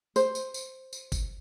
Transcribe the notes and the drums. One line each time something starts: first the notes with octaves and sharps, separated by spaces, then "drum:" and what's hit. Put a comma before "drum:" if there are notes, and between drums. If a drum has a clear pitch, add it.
C5, drum: tambourine
drum: tambourine
drum: tambourine
drum: tambourine
drum: kick, tambourine